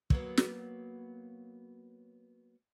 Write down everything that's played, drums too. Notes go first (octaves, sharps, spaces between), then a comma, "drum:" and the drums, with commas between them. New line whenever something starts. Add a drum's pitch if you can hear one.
F#3 A#3 B3, drum: kick
drum: snare